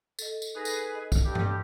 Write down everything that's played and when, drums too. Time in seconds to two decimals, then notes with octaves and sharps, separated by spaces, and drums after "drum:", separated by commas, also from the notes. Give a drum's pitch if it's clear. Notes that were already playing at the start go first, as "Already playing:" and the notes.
0.19 A4 D#5, drum: tambourine
0.42 drum: tambourine
0.55 D#4 G#4 A4 B4 A#6
0.65 drum: tambourine
0.95 D#5
1.12 drum: kick, tambourine
1.25 G2 G4
1.35 drum: tom G2